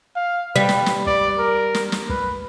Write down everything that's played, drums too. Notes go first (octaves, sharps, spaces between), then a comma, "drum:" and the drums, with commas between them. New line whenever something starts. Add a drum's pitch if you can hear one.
F5
G3 B4
drum: snare
drum: snare
D5, drum: kick
A#4
drum: snare
drum: snare
B4, drum: kick